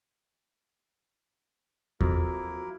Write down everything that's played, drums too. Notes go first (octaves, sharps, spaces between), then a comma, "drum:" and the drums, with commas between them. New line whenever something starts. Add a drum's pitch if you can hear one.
F2 F#3 A#3 E4 A#4, drum: kick E2